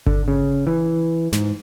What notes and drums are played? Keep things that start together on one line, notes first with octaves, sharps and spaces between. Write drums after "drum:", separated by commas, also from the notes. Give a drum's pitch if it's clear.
D3, drum: kick G1
C#3
E3
G#2, drum: snare